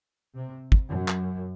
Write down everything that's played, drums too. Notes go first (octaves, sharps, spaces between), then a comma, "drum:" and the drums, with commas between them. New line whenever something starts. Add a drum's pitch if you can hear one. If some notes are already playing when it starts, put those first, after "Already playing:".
C3
drum: kick
F#2
drum: clap